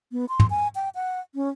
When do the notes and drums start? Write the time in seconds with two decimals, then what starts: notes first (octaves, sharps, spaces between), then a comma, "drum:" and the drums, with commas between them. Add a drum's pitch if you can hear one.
0.12 B3
0.29 C6
0.40 drum: tom
0.50 G#5
0.75 G5
0.95 F#5
1.35 C#4